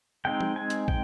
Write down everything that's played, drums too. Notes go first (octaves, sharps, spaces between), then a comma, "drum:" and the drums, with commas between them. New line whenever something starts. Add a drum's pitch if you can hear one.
G#3 C4 D#4 G5
drum: tom
G#5
drum: hi-hat
G5, drum: kick